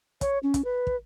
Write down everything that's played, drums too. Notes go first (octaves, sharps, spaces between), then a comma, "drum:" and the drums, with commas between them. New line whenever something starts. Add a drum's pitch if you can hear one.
C#5, drum: kick, hi-hat
C#4
drum: kick, hi-hat
B4
drum: kick